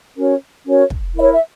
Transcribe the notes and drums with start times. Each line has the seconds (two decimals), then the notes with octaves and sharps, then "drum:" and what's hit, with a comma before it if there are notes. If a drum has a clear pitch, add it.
0.16 C#4 F#4 A#4 C#5
0.65 C#4 F#4 A#4 C#5
0.90 drum: kick
1.15 E4 A#4 C#5 E5
1.32 E5